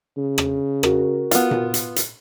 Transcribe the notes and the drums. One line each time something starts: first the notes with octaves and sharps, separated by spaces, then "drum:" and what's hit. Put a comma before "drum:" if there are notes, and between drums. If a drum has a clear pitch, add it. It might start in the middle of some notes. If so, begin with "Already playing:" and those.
C#3
drum: rim click
F#4 A#4, drum: rim click
B3 F4, drum: hi-hat
drum: tom A#2
drum: hi-hat
drum: hi-hat